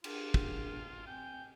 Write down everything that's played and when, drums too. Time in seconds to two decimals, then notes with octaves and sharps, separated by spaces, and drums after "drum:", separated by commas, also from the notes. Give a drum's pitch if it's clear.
0.04 D4 F4 G#4 A#4, drum: cymbal
0.34 drum: kick
1.07 C4 G5 G#5